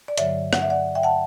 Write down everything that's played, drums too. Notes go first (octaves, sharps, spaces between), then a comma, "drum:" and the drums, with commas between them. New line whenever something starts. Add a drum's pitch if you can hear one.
D5
G2 D3 F#3 C#5 E5, drum: hi-hat
F#5, drum: rim click
E5
D5 F#5
E5 G5
F#5 A5